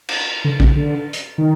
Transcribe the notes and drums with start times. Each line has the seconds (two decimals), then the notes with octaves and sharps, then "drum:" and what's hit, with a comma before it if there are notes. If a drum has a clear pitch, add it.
0.09 drum: cymbal
0.45 D3
0.60 C#3, drum: kick
0.76 D3
1.13 drum: hi-hat
1.38 D#3